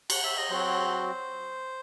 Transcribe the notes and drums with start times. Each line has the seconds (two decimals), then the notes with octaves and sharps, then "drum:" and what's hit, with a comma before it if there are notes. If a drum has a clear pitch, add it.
0.10 F#5, drum: cymbal
0.23 E5
0.37 D#5
0.50 F#3 C4 F#4 C5